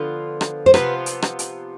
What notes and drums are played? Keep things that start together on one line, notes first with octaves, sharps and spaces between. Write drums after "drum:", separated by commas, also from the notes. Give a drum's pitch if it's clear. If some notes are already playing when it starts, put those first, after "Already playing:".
Already playing: D3 F3 B3 F4
drum: rim click
C5
C3 F3 B3 F4 B4, drum: rim click
drum: hi-hat
drum: rim click
drum: hi-hat